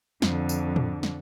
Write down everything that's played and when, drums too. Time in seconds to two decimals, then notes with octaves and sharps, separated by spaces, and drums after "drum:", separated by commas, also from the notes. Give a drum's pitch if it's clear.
0.22 F2 D3, drum: snare
0.49 drum: tambourine
0.76 drum: tom
1.03 drum: snare